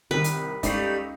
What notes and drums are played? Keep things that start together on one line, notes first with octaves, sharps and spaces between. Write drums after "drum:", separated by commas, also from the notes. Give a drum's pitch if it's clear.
C2 D#3 B4
drum: hi-hat
C#2 G3 A3 D#4 C7, drum: kick F1, hi-hat